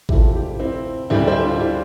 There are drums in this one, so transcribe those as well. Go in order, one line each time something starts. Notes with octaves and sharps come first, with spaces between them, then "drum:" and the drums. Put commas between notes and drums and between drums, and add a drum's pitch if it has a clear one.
D2 C3 F3 A3 E4 G4, drum: kick G#1
E4 G4
C4 E4
D2 D3 G3 E4 G4
C5 E5
D4 F4
E4 G4